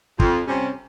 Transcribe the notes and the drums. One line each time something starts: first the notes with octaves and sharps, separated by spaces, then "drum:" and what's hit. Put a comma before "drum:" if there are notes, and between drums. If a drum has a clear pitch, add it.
F2, drum: kick
C3 G3 C#4